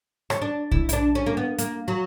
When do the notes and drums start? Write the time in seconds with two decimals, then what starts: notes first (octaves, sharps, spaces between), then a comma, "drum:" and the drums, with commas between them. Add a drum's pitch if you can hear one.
0.30 C#4, drum: rim click
0.42 D4
0.72 E4, drum: kick
0.89 E4, drum: hi-hat
0.93 D4
1.15 C#4
1.26 A#3
1.37 B3
1.58 A#3, drum: hi-hat
1.88 F#3